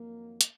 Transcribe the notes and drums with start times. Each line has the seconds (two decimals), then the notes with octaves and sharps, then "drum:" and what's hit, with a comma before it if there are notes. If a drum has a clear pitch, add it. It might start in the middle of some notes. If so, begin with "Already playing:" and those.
Already playing: F2 D#3 F#3 A#3
0.41 drum: hi-hat